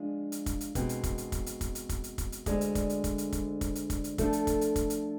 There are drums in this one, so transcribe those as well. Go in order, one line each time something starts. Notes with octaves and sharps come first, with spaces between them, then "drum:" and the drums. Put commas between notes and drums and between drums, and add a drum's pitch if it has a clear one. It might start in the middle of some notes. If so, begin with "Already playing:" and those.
Already playing: F3 G#3 D4 F4
drum: hi-hat
drum: kick, hi-hat
drum: hi-hat
B2 G#3 C4, drum: kick, hi-hat
drum: hi-hat
drum: kick, hi-hat
drum: hi-hat
drum: kick, hi-hat
drum: hi-hat
drum: kick, hi-hat
drum: hi-hat
drum: kick, hi-hat
drum: hi-hat
drum: kick, hi-hat
drum: hi-hat
D2 D3 G#3, drum: kick, hi-hat
drum: hi-hat
drum: kick, hi-hat
drum: hi-hat
drum: kick, hi-hat
drum: hi-hat
drum: kick, hi-hat
drum: kick, hi-hat
drum: hi-hat
drum: kick, hi-hat
drum: hi-hat
F3 A3 D4 A4, drum: kick, hi-hat
drum: hi-hat
drum: kick, hi-hat
drum: hi-hat
drum: kick, hi-hat
drum: hi-hat